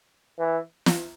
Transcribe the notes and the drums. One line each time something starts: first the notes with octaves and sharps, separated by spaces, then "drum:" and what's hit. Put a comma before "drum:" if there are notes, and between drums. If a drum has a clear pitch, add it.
E3
drum: snare